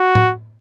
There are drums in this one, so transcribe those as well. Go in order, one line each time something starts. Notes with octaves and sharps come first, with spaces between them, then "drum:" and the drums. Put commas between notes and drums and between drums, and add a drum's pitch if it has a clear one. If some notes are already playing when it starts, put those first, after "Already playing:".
Already playing: F#4
drum: tom A2